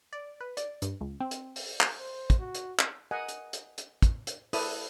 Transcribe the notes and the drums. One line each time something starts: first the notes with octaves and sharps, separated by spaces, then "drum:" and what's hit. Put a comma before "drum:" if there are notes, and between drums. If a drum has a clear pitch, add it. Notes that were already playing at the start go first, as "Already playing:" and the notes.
D5
B4
D5, drum: hi-hat
G2, drum: hi-hat
C#2
C4
drum: hi-hat
drum: open hi-hat
drum: clap
C5
drum: kick, hi-hat
F#4
drum: hi-hat
drum: clap
A#4 D#5 F#5 G#5
drum: hi-hat
drum: hi-hat
drum: hi-hat
drum: kick, hi-hat
drum: hi-hat
E4 A4 B4 D5 D#6, drum: open hi-hat